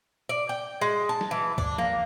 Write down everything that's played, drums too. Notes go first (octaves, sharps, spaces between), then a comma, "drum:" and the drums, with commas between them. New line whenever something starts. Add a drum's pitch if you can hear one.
D5
G5
G#3
A5
drum: snare
E3
D4, drum: kick C#2
A#3, drum: tom